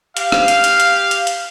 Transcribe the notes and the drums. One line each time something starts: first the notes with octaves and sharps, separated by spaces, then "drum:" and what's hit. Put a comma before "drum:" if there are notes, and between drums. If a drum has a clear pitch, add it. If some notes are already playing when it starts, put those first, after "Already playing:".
G4 F5, drum: hi-hat
drum: rim click
drum: hi-hat
drum: hi-hat
drum: hi-hat
drum: hi-hat
drum: hi-hat